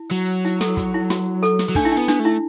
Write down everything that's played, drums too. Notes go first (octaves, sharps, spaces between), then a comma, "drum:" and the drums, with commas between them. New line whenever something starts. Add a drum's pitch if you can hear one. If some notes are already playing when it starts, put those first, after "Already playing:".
Already playing: E4
F#3
E4, drum: hi-hat
A4, drum: snare
F#4, drum: kick, hi-hat
E4
F#4, drum: snare
A4, drum: hi-hat
drum: snare
F#3
A3 D4, drum: kick, hi-hat
E4
B3 D4
D4, drum: snare
A3
E4